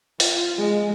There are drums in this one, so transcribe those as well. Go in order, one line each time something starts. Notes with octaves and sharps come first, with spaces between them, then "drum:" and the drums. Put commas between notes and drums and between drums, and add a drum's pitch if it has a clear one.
F4, drum: open hi-hat
G#3